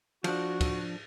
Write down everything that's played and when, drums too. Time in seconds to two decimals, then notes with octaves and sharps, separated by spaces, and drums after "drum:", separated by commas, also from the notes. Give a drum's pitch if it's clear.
0.24 F3 D4 F#4, drum: cymbal
0.61 drum: kick, cymbal